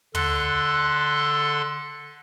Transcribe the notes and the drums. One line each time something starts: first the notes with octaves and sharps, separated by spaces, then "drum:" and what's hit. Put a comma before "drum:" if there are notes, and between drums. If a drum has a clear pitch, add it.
D3 A4 C6 F#6, drum: tom